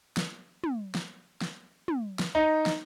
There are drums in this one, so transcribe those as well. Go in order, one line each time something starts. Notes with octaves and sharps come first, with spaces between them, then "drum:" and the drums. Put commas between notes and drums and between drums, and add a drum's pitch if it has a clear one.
drum: snare
drum: tom
drum: snare
drum: snare
drum: tom
drum: snare
D#4
drum: snare